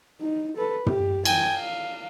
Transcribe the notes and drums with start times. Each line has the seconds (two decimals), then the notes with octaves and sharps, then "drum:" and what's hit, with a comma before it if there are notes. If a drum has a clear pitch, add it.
0.21 D#4
0.57 A4 B4
0.86 G4, drum: tom
1.25 G5 G#5, drum: cymbal
1.57 F5